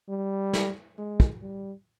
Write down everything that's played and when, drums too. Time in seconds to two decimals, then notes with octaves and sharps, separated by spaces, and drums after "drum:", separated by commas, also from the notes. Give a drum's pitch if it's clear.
0.09 G3
0.53 drum: snare
0.98 G#3
1.20 drum: kick
1.42 G3